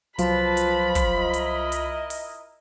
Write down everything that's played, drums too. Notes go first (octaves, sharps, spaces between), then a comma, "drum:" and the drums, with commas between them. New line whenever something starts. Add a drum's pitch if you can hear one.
C2 F3 F#3 F4 B4 A5 B5, drum: hi-hat
drum: hi-hat
drum: kick, hi-hat
E4 A#4 D#5
drum: hi-hat
drum: hi-hat
drum: open hi-hat